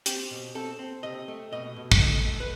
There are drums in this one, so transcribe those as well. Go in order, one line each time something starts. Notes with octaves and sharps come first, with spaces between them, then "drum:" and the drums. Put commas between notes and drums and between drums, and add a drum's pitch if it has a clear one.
C4 G4, drum: hi-hat
B2
C4 A4
C4
C3 D#5
A3
B2 D#5
B2
drum: kick
A3 D#5
A3
B4